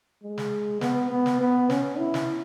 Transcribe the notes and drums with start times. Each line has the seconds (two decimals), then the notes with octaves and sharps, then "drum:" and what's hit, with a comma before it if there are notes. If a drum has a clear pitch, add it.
0.23 G#3
0.38 drum: snare
0.81 B3, drum: snare
1.11 B3
1.26 drum: snare
1.40 B3
1.70 C#4, drum: snare
1.99 E4
2.14 drum: snare